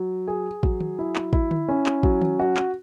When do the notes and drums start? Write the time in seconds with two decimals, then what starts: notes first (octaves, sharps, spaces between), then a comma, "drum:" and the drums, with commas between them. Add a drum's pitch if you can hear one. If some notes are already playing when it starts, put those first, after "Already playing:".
Already playing: F#3
0.28 G#4
0.63 F#3, drum: kick
0.80 drum: tom D#3
0.99 E4
1.16 drum: clap
1.33 E4, drum: kick
1.51 drum: tom D3
1.68 C#4
1.86 drum: clap
2.03 F#3, drum: kick
2.21 drum: tom D#3
2.39 F#4
2.57 drum: clap